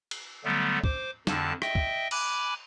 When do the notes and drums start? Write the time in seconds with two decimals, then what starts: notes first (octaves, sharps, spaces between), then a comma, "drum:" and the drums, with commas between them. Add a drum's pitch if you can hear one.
0.11 drum: cymbal
0.44 D3 F#3 G3 A3 B3
0.84 C5 D6, drum: kick
1.27 F2 D3 A5, drum: snare
1.62 D#5 E5 G5, drum: rim click
1.75 drum: kick
2.11 G#5 B5 D6 F#6, drum: cymbal